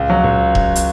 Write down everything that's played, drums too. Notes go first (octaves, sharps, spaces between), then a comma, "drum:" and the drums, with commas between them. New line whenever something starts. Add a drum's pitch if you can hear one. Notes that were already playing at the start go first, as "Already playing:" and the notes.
Already playing: C#2
F#3
C#2
drum: kick E1
drum: hi-hat